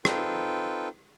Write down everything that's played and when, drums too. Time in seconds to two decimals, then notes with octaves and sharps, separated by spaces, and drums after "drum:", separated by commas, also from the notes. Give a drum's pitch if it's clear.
0.05 C4 D#4 F4 A4 B4 G5, drum: rim click